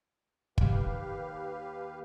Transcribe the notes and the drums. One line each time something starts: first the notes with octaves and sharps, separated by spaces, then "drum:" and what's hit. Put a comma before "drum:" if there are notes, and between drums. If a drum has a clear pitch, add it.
D#2 G4 B4 F5, drum: kick